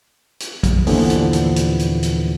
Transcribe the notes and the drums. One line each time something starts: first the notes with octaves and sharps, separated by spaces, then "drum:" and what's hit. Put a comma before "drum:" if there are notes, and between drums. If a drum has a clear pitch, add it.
drum: hi-hat
drum: kick, hi-hat
D#2 A#2 D3 E3 F3 B3, drum: open hi-hat
drum: hi-hat
drum: hi-hat
drum: hi-hat
drum: hi-hat
drum: hi-hat